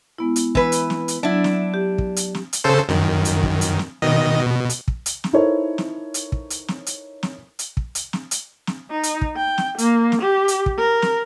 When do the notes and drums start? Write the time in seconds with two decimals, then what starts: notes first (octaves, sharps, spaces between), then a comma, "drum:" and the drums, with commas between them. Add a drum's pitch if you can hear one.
0.18 G#3 B3 E4
0.36 drum: hi-hat
0.55 E3 B4, drum: kick
0.72 drum: hi-hat
0.90 drum: snare
1.08 drum: hi-hat
1.23 F#3 D4 E4
1.44 drum: snare
1.74 G4
1.98 drum: kick
2.16 drum: hi-hat
2.35 drum: snare
2.53 drum: hi-hat
2.64 C#3 A4 C5
2.89 F#2 D#3, drum: snare
3.25 drum: hi-hat
3.43 drum: kick
3.61 drum: hi-hat
3.79 drum: snare
4.02 B2 D#3 D#5
4.41 B2
4.70 drum: hi-hat
4.88 drum: kick
5.06 drum: hi-hat
5.24 drum: snare
5.33 D#4 E4 A4 A#4 C5 C#5
5.78 drum: snare
6.14 drum: hi-hat
6.32 drum: kick
6.50 drum: hi-hat
6.68 drum: snare
6.86 drum: hi-hat
7.23 drum: snare
7.59 drum: hi-hat
7.77 drum: kick
7.95 drum: hi-hat
8.13 drum: snare
8.31 drum: hi-hat
8.67 drum: snare
8.91 D#4
9.03 drum: hi-hat
9.21 drum: kick
9.36 G5
9.58 drum: snare
9.78 A#3, drum: hi-hat
10.12 drum: snare
10.22 G4
10.48 drum: hi-hat
10.66 drum: kick
10.78 A#4
11.02 drum: snare